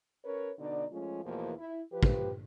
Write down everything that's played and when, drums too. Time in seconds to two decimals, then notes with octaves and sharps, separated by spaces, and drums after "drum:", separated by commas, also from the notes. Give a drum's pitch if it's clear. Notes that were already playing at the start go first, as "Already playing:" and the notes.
0.25 C#4 A#4 B4 C#5
0.59 B2 D3 D#4 D5
0.91 F3 G#3 A3 C#4 F4
1.24 E2 B2 E3 F3 A3 A#3
1.57 E4
1.92 F3 G4 B4
2.03 drum: kick